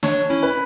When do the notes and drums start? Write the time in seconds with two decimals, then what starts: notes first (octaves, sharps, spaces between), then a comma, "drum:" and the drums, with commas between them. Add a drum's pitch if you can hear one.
0.03 D4 C#5, drum: snare
0.30 C#4 E4
0.43 B4